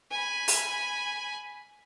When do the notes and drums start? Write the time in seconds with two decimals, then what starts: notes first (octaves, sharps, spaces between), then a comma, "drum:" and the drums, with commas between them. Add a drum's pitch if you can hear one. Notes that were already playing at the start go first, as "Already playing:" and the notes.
0.11 G#5 B5
0.48 drum: open hi-hat